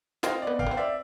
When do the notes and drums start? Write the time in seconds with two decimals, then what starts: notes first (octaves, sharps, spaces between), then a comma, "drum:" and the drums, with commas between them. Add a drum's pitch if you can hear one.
0.23 C4 D#5 F5, drum: snare
0.42 D5
0.47 B3
0.59 F5 G5, drum: kick
0.67 B3
0.71 C4 F5
0.77 D5 E5